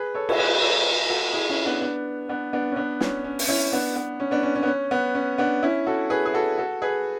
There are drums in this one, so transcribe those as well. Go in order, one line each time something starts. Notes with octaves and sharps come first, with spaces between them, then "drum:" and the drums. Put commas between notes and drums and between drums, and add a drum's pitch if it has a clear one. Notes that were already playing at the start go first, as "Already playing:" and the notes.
Already playing: G#4 B4
A4 C#5
C#5, drum: cymbal
G#4 B4
A4 C#5
F#4 A4
E4 G#4
C#4 E4
B3 D4
B3 D4
B3 D4
B3 D4
C#4
B3 D4
C#4, drum: snare
C#4
drum: open hi-hat
C#4 E4
B3 D4
B3
C#4
B3 D4
C#4
C#4
B3
C#4
B3
C#4
B3 D4
C#4 E4
F#4 A4
G#4 B4
G#4
F#4 A4
F#4 A4
G#4 B4